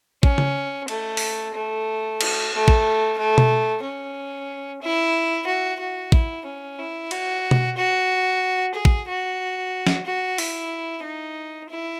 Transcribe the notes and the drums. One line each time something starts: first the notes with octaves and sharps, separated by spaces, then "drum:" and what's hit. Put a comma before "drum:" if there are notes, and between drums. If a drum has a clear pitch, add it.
C#4, drum: kick
drum: tom C#3
A3, drum: cymbal
drum: open hi-hat
A3
drum: cymbal
A3
drum: kick
A3
drum: tom B2
C#4
E4
F#4
F#4
E4, drum: kick
C#4
E4
F#4, drum: cymbal
drum: tom B2
F#4
G#4
drum: kick
F#4
drum: snare
F#4
E4, drum: open hi-hat
D#4
E4